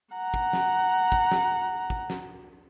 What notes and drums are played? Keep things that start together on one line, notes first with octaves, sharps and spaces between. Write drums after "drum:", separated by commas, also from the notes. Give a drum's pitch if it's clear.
F#5 A#5
drum: kick
drum: snare
drum: kick
drum: snare
drum: kick
drum: snare